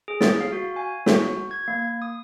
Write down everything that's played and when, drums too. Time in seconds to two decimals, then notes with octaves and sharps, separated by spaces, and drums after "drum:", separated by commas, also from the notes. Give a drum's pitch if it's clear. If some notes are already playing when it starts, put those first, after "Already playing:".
0.08 G#4
0.21 A6, drum: snare
0.41 F5
0.52 F#4
0.76 G#5
1.06 F#4, drum: snare
1.51 G#6
1.68 A#3
2.02 D#6